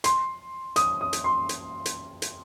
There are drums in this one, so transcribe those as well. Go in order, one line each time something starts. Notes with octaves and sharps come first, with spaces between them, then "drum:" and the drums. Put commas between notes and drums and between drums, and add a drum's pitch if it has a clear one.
C6, drum: hi-hat
D#6, drum: hi-hat
D#6
drum: hi-hat
C6
drum: hi-hat
drum: hi-hat
drum: hi-hat